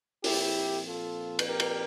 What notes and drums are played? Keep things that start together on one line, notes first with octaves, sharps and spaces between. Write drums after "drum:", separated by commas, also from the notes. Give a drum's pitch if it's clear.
A#2 F3 C4 E4 G4, drum: open hi-hat
F4 A4
drum: cymbal
G4 A#4
drum: cymbal